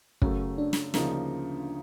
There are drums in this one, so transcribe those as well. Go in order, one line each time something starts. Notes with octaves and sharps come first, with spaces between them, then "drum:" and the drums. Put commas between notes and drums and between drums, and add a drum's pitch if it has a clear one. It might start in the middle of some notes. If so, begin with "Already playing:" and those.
F#2 C#3 F#3 A3 C#4, drum: kick
D4
drum: snare
D2 C#3 F3 A#3 D#4, drum: snare